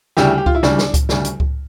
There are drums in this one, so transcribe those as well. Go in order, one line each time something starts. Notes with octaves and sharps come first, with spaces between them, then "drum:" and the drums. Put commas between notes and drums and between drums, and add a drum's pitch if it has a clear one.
D2 C#3 G3 E4 G4, drum: snare
G4
F4, drum: kick C#2
E4
D2 C#3 G3 D4, drum: snare
drum: snare
drum: kick C#2, hi-hat
D2 C#3 G3, drum: snare
drum: hi-hat
drum: kick C#2